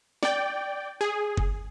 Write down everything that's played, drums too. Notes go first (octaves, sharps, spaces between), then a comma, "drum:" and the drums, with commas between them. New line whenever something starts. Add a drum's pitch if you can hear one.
D5 G5, drum: snare
G#4
drum: kick F#1